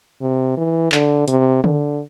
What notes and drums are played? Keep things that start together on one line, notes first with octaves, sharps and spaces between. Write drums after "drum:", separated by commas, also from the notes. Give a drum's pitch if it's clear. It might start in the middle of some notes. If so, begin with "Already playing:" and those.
C3
E3
D3, drum: clap
C3, drum: hi-hat
D3, drum: tom D3